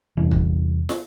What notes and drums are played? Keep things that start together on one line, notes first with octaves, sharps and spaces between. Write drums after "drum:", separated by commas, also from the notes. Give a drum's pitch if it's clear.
E2 C3 E3 G3
drum: kick
drum: snare